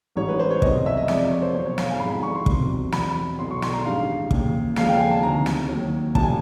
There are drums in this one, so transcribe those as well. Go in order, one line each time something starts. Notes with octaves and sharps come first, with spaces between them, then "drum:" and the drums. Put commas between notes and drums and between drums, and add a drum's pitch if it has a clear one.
A1 G#2 E3 G3 C#5
B4
C5
C#5
F1 E2 C#3 F#3 D#5, drum: kick
E5
D#5
F2 C3 F3 G#3 D5, drum: snare
C#5
C5
E2 B2 F#3 C#5
C#5
F5, drum: snare
G#5
G#1 G#2 F3 G#3 B5
B5
C#6
C6
E1 E2 C3 D#3, drum: kick
E1 E2 C3 E3 B5, drum: snare
B1 B2 F#3 C6
C#6
C6, drum: snare
A#5
A1 G2 D#3 G#3 F5
D#2 C#3 E3, drum: kick
D#2 C#3 F3 G#3 F5, drum: snare
G5
G#5
A5
D2 C3 D#3 A#5
drum: snare
D#2 D#3 F#3
A1 F3 A5, drum: kick
G#5